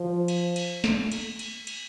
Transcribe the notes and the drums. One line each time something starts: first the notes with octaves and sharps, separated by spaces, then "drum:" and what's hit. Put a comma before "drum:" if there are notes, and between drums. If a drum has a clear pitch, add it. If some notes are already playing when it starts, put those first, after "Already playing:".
Already playing: F3
drum: cymbal
drum: cymbal
drum: snare
drum: cymbal
drum: cymbal
drum: cymbal